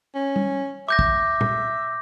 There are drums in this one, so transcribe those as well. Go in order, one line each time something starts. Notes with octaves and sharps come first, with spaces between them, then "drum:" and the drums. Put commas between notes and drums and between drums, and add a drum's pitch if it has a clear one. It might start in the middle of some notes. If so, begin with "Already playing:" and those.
C#4
drum: tom G3
E5 D6 G6 A#6
drum: kick
drum: tom A#2